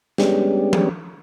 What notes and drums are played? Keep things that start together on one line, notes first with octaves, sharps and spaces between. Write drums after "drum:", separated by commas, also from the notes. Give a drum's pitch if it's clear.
G3 G#3 B3 C#4 D4 G4, drum: snare
drum: tom F3